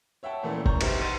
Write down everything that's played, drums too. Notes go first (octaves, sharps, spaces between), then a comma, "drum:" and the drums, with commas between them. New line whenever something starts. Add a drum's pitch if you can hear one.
C#5 E5 F#5 G5 A5
A#2 E3 F3 A3 A#3 C#4
A#5 C#6 G6, drum: kick
D#4 G4 B4 C5 E5, drum: cymbal
F#5 C6 A6 D#7 E7